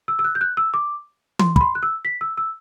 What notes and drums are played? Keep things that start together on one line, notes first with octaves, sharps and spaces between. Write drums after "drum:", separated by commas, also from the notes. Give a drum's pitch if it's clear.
E6
E6
F#6
G6
F#6
E6
D6
C6, drum: tom E3
B5, drum: kick
C6
F#6
E6
B6
E6
E6